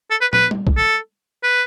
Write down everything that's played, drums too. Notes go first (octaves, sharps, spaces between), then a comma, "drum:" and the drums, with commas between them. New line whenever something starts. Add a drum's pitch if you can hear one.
A4
B4
B4, drum: tom
drum: tom G3
drum: kick
A4
B4